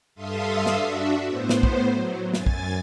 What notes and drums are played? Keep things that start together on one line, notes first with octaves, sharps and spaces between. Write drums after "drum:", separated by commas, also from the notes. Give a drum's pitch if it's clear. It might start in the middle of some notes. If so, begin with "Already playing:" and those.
G2 A4 E5 F5 C6 D#6
drum: snare
D4 F#4 E5
A2 B3 C5
drum: snare
drum: kick
F#3
F#2 G#5 A6, drum: snare
drum: kick